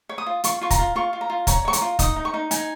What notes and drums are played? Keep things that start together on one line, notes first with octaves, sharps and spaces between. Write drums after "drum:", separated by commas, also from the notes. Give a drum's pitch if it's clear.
C#5
D#6
F4
F4 C#6, drum: hi-hat
F4 C#6
A#5, drum: kick, hi-hat
F4
F4 C#6
F4
A#5
F4
C#5 A#5, drum: kick, hi-hat
C#5 C#6
A#5, drum: hi-hat
F4
D#4 D#6, drum: kick, hi-hat
D#4
C#6
D#4
D#4 G#5, drum: hi-hat